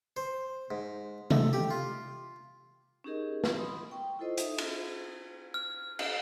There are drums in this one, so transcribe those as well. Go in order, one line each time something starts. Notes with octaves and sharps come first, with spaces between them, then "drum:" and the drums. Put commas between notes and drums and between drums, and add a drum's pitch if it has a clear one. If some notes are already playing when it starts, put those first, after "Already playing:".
C5
G#2
A3, drum: tom C3
G4
F4
C#4 D#4 G4 G#4 A#4 D#5
drum: snare
B5 C6 D#6
G5 C#6
E4 F4 A4 C5 D#5
D#4 E5 D#6, drum: hi-hat
drum: cymbal
F6
drum: cymbal